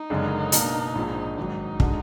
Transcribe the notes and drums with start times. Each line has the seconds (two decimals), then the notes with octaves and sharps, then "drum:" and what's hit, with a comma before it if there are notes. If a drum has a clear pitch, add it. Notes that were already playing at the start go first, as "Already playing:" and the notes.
Already playing: D#4
0.10 F#1 F#2 D3 G#3 D4
0.52 B2 A#3 D4, drum: hi-hat
0.95 A#1 G#2 F3 G#3
1.37 G#1 G#2 F#3 D#4
1.80 D3 G#3 D4 F#4, drum: kick